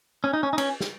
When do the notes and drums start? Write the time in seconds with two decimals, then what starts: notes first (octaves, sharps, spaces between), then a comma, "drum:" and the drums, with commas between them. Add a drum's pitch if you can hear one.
0.24 C#4
0.33 D#4
0.43 C#4
0.53 D#4
0.58 C#4, drum: cymbal
0.80 drum: snare